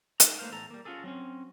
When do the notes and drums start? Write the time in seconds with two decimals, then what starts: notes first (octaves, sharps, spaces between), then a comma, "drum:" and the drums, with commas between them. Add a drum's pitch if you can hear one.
0.20 D#4, drum: hi-hat
0.39 A3 A#3 B4 C5 F5
0.52 E2 A2 A4 A#5
0.71 G3 A#3
0.85 C#4 F4 F#4 G#4 A4
1.04 F#3 C4 C#4